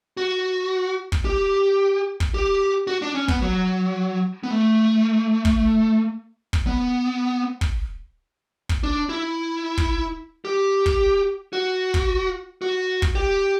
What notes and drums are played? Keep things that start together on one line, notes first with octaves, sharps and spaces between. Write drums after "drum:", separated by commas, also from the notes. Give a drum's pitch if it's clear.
F#4
drum: kick
G4
drum: kick
G4
F#4
D4
C#4
B3, drum: kick
F#3
B3
A3
drum: kick
drum: kick
B3
drum: kick
drum: kick
D4
E4
drum: kick
G4
drum: kick
F#4
drum: kick
F#4
drum: kick
G4